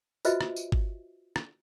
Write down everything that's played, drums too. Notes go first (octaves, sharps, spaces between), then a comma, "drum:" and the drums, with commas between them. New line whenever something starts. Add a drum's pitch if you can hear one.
F4 F#4 B4 C5 D#5 E5, drum: tambourine
drum: rim click
drum: tambourine
drum: kick G1
drum: rim click